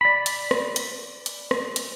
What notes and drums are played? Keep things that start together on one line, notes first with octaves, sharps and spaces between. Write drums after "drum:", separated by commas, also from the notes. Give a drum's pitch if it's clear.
D5 B5
drum: hi-hat
drum: rim click
drum: hi-hat
drum: hi-hat
drum: rim click
drum: hi-hat